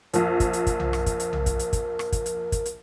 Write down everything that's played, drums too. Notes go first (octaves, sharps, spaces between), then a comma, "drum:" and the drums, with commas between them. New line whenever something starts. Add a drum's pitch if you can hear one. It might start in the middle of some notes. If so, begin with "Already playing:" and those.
A#1 F2 A#4, drum: hi-hat
drum: kick, hi-hat
drum: hi-hat
drum: kick, hi-hat
drum: tom B1
drum: rim click
drum: kick, hi-hat
drum: hi-hat
drum: tom B1
drum: kick, hi-hat
drum: hi-hat
drum: kick, hi-hat
drum: rim click
drum: kick, hi-hat
drum: hi-hat
drum: kick, hi-hat
drum: hi-hat